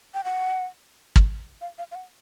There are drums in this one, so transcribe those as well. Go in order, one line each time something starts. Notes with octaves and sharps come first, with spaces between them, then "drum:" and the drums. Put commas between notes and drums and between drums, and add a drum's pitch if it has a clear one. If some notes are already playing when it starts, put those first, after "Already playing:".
G5
F#5
drum: kick
F5
F5
F5
F#5